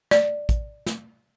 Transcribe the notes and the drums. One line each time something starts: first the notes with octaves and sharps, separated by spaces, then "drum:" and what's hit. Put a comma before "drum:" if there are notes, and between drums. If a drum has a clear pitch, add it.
D5, drum: snare
drum: kick, hi-hat
drum: snare